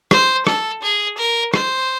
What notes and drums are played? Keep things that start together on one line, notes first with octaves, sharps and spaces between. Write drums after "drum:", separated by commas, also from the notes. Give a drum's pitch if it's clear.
C5, drum: rim click
A4, drum: rim click
G#4
A#4
C5, drum: rim click